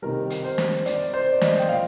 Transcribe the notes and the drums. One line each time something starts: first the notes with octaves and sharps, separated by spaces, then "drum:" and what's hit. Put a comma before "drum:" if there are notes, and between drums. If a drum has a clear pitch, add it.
C3 D#3 G3 A#4
drum: hi-hat
C5
drum: snare
D5, drum: hi-hat
C5
D5
D#5, drum: snare
G5
A#2 F3 F5